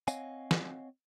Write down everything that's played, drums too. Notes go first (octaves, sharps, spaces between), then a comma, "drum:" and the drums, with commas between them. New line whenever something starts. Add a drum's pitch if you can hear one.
C4 C#5 D#5 F5 F#5 G#5, drum: tambourine
drum: snare